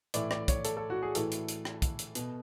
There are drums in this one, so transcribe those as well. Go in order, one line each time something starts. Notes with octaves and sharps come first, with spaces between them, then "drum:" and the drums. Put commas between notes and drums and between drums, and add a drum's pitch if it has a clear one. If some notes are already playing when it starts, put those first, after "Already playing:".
A2 E3 D5, drum: hi-hat
D5, drum: rim click
C#5, drum: kick, hi-hat
A4, drum: hi-hat
A4
F#4
G#4
A2 E3 A4, drum: hi-hat
drum: hi-hat
drum: hi-hat
drum: rim click
drum: kick, hi-hat
drum: hi-hat
B2, drum: hi-hat